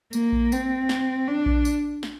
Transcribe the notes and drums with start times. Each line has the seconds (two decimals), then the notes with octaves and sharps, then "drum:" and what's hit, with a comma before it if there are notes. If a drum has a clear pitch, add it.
0.13 A#3, drum: tambourine
0.32 drum: kick A#1
0.52 C4, drum: tambourine
0.89 drum: snare
1.28 D4
1.46 drum: kick A#1
1.65 drum: tambourine
2.03 drum: snare